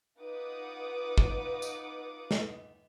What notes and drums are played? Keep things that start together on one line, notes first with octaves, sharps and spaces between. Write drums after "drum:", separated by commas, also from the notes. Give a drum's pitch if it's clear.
D#4 F4 B4 F#5 D6 D#6
drum: kick
drum: tambourine
drum: snare